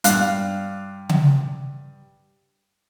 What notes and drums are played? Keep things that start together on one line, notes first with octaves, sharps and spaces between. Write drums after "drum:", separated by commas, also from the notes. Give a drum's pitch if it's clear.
G2 F5 F#6, drum: hi-hat
drum: tom C#3